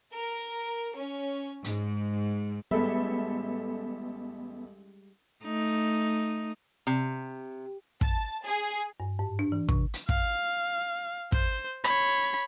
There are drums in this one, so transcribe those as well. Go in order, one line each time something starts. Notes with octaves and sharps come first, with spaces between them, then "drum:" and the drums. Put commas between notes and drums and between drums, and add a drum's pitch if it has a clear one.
A#4
C#4
G#2, drum: hi-hat
A1 G3 G#3 B3 A4 E5 B5
A3 D#4
C3
A5, drum: kick
G#4
G2
G#2
D4
E3
C3, drum: kick
drum: hi-hat
F5, drum: kick
C5, drum: kick
C#5 B5, drum: rim click